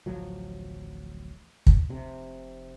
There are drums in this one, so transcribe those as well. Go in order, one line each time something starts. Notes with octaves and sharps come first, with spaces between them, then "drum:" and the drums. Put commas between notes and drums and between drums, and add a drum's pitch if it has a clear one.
D1 A1 F3 F#3
drum: kick
F1 C3